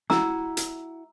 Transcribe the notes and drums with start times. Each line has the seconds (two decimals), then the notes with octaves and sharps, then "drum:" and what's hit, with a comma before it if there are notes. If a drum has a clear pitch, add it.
0.10 E4 F#4 A#5 E6, drum: snare
0.57 drum: hi-hat